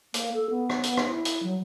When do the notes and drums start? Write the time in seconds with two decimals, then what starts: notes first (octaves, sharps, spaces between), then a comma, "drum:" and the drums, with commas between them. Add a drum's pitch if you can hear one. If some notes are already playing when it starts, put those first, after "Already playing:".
0.14 A#3, drum: hi-hat
0.34 A4
0.50 B3
0.70 drum: rim click
0.83 drum: hi-hat
0.97 drum: rim click
1.08 E4
1.25 drum: hi-hat
1.42 F#3